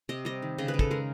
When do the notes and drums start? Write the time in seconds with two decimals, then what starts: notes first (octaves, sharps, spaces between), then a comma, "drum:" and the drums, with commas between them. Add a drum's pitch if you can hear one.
0.09 C3 D#5
0.25 G3 D#5
0.42 D#3
0.58 C#3 D#5
0.68 B4
0.74 C#3
0.79 A4, drum: kick
0.91 G#3 A#4